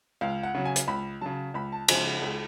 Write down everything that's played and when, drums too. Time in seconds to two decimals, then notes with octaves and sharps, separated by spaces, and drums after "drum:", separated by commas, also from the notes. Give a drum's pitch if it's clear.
0.21 C#2 F5
0.43 F#5
0.54 C#3 F#3
0.65 G#5
0.76 drum: hi-hat
0.88 C#2 B5
1.21 C#3 F#3 A5
1.54 C#2 B5
1.72 A5
1.88 C#3 F3 G#3 G#5, drum: cymbal
2.05 F#5
2.22 C#2 G#4